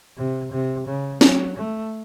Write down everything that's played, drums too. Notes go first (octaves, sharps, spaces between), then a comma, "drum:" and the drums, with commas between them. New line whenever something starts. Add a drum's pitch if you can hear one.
C3
C3
C#3
F#3, drum: snare
A3